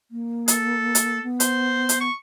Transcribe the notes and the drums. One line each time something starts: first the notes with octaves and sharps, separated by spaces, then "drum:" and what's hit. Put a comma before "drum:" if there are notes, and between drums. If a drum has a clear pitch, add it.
A#3
A4, drum: hi-hat
drum: hi-hat
B3
C5, drum: hi-hat
drum: hi-hat
C#6